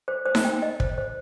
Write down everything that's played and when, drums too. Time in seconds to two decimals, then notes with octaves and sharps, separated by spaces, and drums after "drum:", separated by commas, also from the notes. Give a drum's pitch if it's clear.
0.08 C5
0.26 C5
0.35 drum: snare D#4
0.45 G5
0.62 D#5
0.80 C5, drum: kick
0.98 C5